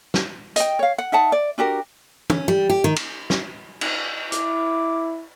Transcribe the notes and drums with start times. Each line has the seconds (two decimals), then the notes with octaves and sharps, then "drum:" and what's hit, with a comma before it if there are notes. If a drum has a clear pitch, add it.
0.14 drum: snare
0.56 D#5 G5, drum: hi-hat
0.79 C#5 F5
0.98 F#5
1.12 D#4 E5 F#5 A5
1.32 D5
1.58 D4 F#4 G4 A#4
2.30 C#4, drum: tom
2.48 G3
2.69 G4
2.84 D#3
2.96 drum: cymbal
3.30 drum: snare
3.81 drum: cymbal
4.32 E4 D6, drum: hi-hat